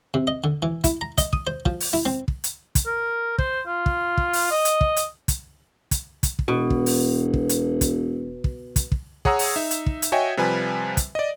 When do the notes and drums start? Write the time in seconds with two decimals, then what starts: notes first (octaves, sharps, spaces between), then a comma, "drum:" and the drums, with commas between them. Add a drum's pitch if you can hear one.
0.14 C3
0.27 D#5
0.44 D3
0.62 E3
0.84 E4, drum: kick, hi-hat
1.01 A#5
1.18 D#5, drum: kick, hi-hat
1.33 D#6, drum: kick
1.47 C5
1.66 F3, drum: kick
1.80 drum: open hi-hat
1.93 E4
2.05 C4
2.28 drum: kick
2.44 drum: hi-hat
2.75 drum: kick, hi-hat
2.86 A#4
3.38 C5, drum: kick
3.66 F4
3.86 drum: kick
4.17 drum: kick
4.33 drum: open hi-hat
4.51 D#5
4.65 drum: hi-hat
4.81 drum: kick
4.97 drum: hi-hat
5.28 drum: kick, hi-hat
5.91 drum: kick, hi-hat
6.23 drum: kick, hi-hat
6.39 drum: kick
6.48 E1 B2
6.70 drum: kick
6.86 drum: open hi-hat
7.34 drum: kick
7.49 drum: hi-hat
7.81 drum: kick, hi-hat
8.44 drum: kick
8.76 drum: kick, hi-hat
8.92 drum: kick
9.25 G#4 C#5 F#5 A#5 D#6 E6, drum: kick
9.39 drum: open hi-hat
9.56 D#4 E5
9.71 drum: hi-hat
9.86 drum: kick
10.02 drum: hi-hat
10.12 F#4 C#5 D#5 E5 G5 G#5
10.37 C3 F3 G3 B4 G#5
10.97 drum: kick, hi-hat
11.15 D5 D#5